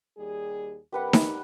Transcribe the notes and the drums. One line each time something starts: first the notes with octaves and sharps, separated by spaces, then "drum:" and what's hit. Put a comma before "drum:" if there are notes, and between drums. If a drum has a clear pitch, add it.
D#2 G3 G#4
G2 C4 G4 A#4 B4 F#5
drum: snare D#4